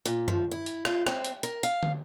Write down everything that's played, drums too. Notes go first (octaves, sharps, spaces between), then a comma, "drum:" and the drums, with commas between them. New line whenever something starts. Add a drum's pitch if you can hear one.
A#2, drum: hi-hat
F3, drum: tom F#2
E4
drum: hi-hat
F4, drum: rim click
C4, drum: rim click
drum: hi-hat
A#4, drum: hi-hat
F5, drum: hi-hat
drum: tom